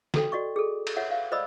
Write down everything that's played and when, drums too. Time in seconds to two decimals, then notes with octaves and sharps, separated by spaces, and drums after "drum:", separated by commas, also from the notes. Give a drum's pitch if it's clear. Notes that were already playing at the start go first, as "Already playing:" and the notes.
0.14 F#4 A4 G5, drum: snare
0.32 F#4 D5 D#5 C#6
0.56 G#4 A4
0.87 drum: cymbal
0.97 C#5 E5 F#5
1.10 F5
1.32 C5 D5 D#5 B5 D#6 E6